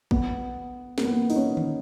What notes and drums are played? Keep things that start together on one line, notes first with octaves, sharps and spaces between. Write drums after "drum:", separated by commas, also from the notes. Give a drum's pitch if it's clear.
B3, drum: kick
A#3, drum: snare
B3
D#4, drum: open hi-hat
C#4
drum: tom D3